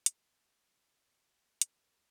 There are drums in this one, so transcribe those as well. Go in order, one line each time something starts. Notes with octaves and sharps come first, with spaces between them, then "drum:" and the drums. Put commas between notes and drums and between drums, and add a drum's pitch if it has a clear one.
drum: hi-hat
A#3 B4
F3
C#4
A#4
A2 B4
A#3
F3
A3 B4
F#3 A#4, drum: hi-hat
C4 A4